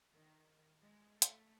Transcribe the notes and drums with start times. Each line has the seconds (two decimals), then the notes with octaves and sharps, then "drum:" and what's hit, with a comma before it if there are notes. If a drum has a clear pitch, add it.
0.15 D#3
0.83 G#3
1.22 A3, drum: hi-hat